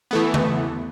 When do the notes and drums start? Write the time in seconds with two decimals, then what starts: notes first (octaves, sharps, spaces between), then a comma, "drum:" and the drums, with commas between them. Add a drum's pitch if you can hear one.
0.11 E3 A3 B3
0.34 drum: tom C#3